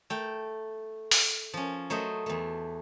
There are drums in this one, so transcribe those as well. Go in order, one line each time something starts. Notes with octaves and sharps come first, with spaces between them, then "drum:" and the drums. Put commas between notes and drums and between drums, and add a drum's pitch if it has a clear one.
A3 G5 A#5
drum: open hi-hat
F3 C#4
F#3 A3 C5 D#5
E2 A3